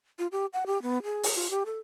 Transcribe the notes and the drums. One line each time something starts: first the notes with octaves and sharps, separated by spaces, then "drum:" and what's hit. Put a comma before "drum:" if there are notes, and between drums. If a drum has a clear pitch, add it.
F4
G4
F#5
G4
B3
G#4
drum: open hi-hat
F4
G4
A4